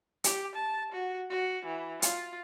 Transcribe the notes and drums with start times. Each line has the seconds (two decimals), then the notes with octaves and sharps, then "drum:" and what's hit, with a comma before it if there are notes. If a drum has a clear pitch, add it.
0.24 G4, drum: hi-hat
0.55 A5
0.92 F#4
1.30 F#4
1.66 E3
2.02 F4, drum: hi-hat